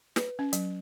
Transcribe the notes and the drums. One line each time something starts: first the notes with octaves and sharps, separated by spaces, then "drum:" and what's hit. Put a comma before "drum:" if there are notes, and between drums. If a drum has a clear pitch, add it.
B4, drum: snare
C#4
F#3, drum: hi-hat